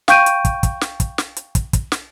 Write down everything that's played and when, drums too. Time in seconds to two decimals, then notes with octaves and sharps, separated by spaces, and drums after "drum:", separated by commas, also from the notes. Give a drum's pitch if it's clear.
0.08 F5 G5 C#6 G6 D7 D#7, drum: snare
0.26 drum: hi-hat
0.45 drum: kick, hi-hat
0.63 drum: kick, hi-hat
0.81 drum: snare
1.00 drum: kick, hi-hat
1.18 drum: snare
1.37 drum: hi-hat
1.55 drum: kick, hi-hat
1.73 drum: kick, hi-hat
1.92 drum: snare